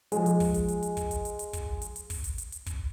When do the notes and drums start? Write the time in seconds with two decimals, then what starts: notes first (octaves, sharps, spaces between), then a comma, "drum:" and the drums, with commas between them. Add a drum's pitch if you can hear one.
0.12 F3 G#3, drum: hi-hat
0.26 drum: hi-hat
0.40 drum: kick, open hi-hat
0.54 drum: hi-hat
0.68 drum: hi-hat
0.83 drum: hi-hat
0.97 drum: kick, hi-hat
1.11 drum: hi-hat
1.25 drum: hi-hat
1.39 drum: hi-hat
1.53 drum: kick, hi-hat
1.82 drum: hi-hat
1.96 drum: hi-hat
2.10 drum: kick, open hi-hat
2.24 drum: hi-hat
2.38 drum: hi-hat
2.52 drum: hi-hat
2.66 drum: kick, hi-hat